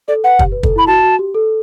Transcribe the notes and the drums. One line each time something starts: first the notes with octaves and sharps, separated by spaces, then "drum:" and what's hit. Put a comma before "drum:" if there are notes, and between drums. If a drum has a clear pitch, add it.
A4 D5
B4 F#5
G4, drum: kick
B4
A4, drum: kick
E4 B5
F#4 A5
F#4
G4
A4